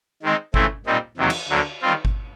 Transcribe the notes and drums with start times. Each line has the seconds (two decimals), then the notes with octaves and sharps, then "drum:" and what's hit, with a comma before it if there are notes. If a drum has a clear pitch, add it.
0.22 D#3 G#3 C4 D#4
0.54 C#3 E3 A3 C4 E4, drum: kick G1
0.86 A#2 G3 C4 D#4
1.17 E2 C3 D#3 F#3 A#3
1.30 drum: cymbal
1.49 D2 D3 F#3 A#3
1.81 D#3 G3 C4 F4
2.05 drum: kick G1